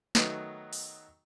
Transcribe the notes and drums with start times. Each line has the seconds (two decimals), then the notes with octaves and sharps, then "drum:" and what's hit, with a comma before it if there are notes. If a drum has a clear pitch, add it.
0.15 D#3 F#3 A3 B3 D#4, drum: snare
0.73 drum: open hi-hat